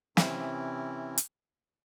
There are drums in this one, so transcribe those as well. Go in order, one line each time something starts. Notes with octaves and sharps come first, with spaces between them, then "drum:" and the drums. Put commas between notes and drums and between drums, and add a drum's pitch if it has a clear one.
C3 E3 C4 C#4 E4, drum: snare
drum: hi-hat